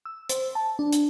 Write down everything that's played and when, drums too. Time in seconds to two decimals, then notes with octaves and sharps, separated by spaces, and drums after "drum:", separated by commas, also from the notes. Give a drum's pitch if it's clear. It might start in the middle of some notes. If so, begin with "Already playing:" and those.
0.05 E6
0.29 C5, drum: hi-hat
0.55 A5
0.79 D4
0.93 drum: hi-hat